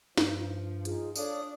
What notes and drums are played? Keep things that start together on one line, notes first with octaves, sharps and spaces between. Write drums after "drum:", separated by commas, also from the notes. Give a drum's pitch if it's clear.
G2 F3, drum: snare
D#4 F4 G#4, drum: hi-hat
D4 A4 C#5 F5 D#6, drum: tambourine